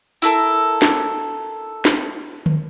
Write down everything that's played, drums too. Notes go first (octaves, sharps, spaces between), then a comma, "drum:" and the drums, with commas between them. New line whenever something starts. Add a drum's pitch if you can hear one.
E4 F#4 A4 A#4, drum: tambourine
drum: snare
drum: snare
drum: tom D3